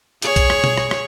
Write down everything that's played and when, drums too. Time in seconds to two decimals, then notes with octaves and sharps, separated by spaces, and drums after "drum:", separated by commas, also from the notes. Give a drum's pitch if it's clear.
0.22 G#4 C#5, drum: hi-hat
0.36 drum: kick A#1, hi-hat
0.50 drum: rim click
0.64 drum: tom B2
0.77 drum: rim click
0.91 drum: rim click